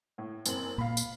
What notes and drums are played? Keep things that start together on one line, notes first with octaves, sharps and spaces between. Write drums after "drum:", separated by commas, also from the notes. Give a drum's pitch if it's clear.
A2
F#1 C4 F#7, drum: tambourine
A#2 A#3 F5 B5
drum: tambourine